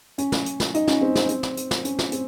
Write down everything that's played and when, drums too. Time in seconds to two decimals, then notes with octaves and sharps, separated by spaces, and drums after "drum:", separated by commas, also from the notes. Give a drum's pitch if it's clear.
0.18 C#4, drum: hi-hat
0.32 drum: snare
0.46 drum: hi-hat
0.60 drum: snare
0.74 D#4, drum: hi-hat
0.87 C#4, drum: snare
1.01 C4
1.15 C4, drum: snare
1.29 C4, drum: hi-hat
1.43 drum: snare
1.57 drum: hi-hat
1.71 drum: snare
1.85 C#4, drum: hi-hat
1.99 drum: snare
2.12 C4, drum: hi-hat